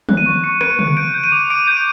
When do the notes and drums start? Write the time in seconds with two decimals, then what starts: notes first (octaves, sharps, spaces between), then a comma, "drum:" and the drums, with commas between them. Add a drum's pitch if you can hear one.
0.09 F#6, drum: tom
0.17 D#7
0.26 C#6
0.44 C#6 C#7
0.61 F#6 D7, drum: rim click
0.70 C#7
0.79 F#6, drum: tom
0.97 G6 D7
1.14 G6
1.24 D#7
1.32 D6
1.50 D6 D7
1.68 G6
1.77 D#7